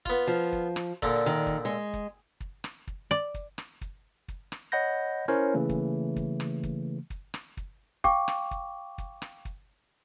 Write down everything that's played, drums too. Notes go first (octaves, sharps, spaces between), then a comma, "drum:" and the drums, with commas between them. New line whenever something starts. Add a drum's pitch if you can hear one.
B3 F4, drum: kick, hi-hat
F3
drum: kick, hi-hat
drum: rim click
A#2 D3, drum: kick, hi-hat
D#3
drum: kick, hi-hat
G#3
drum: kick, hi-hat
drum: kick
drum: rim click
drum: kick
D5
drum: kick, hi-hat
drum: rim click
drum: kick, hi-hat
drum: kick, hi-hat
drum: rim click
C#5 D#5 F#5 B5 G6 A#6
C#4 E4 A#4 C5 C#5
C#3 E3 A3 A#3
drum: kick, hi-hat
drum: kick, hi-hat
drum: rim click
drum: kick, hi-hat
drum: kick, hi-hat
drum: rim click
drum: kick, hi-hat
F5 G5 C#6 D6, drum: kick, hi-hat
drum: rim click
drum: kick, hi-hat
drum: kick, hi-hat
drum: rim click
drum: kick, hi-hat